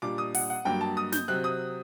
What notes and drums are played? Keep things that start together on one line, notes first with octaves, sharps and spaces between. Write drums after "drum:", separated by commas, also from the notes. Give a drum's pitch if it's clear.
A#2 G3 D4 D6
D#6
F#5, drum: open hi-hat
F#5
G2 F#3 A#3 G5
A5
D#6
G6, drum: snare
C3 F#3 C4 F#6
D#6